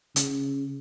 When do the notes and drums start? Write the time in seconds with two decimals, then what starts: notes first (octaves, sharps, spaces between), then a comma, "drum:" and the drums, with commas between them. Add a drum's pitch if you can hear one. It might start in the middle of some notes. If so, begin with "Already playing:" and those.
0.16 C#3, drum: hi-hat